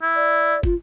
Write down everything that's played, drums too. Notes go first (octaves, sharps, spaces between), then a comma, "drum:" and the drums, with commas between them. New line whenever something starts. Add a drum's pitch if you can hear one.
E4
D5
F4, drum: kick